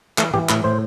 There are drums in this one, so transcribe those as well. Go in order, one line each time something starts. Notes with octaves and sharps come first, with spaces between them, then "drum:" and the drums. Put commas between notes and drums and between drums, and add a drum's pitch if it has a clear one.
E3 A3, drum: clap
E3 G4, drum: tom G#2
A2 B4, drum: clap
A2 C5